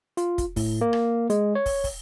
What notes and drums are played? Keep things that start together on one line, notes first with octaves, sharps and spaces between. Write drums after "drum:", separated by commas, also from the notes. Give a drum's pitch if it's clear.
F4, drum: hi-hat
drum: kick, hi-hat
A2, drum: kick, open hi-hat
A#3
drum: rim click
G#3, drum: hi-hat
C#5
drum: kick, open hi-hat
drum: kick, open hi-hat